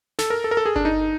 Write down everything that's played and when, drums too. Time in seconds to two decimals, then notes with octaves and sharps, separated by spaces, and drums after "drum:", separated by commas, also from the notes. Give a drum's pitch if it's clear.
0.19 A4, drum: snare
0.30 A#4
0.44 A4
0.51 A#4
0.57 A4
0.66 G#4
0.76 D4, drum: kick G1
0.85 D#4